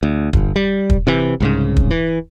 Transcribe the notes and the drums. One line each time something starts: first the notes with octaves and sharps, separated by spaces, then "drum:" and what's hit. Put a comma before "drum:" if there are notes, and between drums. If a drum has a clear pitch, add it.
D2
G1, drum: kick
G3
drum: kick
C3 E3
C2 G#2 C#3
drum: kick
E3